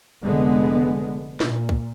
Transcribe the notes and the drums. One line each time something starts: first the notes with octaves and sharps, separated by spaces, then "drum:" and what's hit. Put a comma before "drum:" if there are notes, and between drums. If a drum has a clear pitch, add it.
F1 D3 G#3 B3
A#2, drum: snare
drum: kick